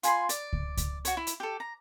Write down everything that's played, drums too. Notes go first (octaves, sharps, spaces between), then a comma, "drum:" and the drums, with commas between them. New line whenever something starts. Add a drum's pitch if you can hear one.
F4 G#5 B5 C6, drum: hi-hat
D5, drum: hi-hat
drum: kick C#2
drum: kick C#2, hi-hat
F#4 C#5, drum: hi-hat
E4
drum: hi-hat
G4 A4
A#5